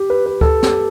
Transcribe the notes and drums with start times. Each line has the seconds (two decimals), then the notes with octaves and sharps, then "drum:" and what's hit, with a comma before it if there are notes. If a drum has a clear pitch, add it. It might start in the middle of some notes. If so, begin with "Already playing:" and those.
Already playing: G4
0.10 B4
0.26 B4
0.41 A4, drum: kick D2
0.63 G4, drum: snare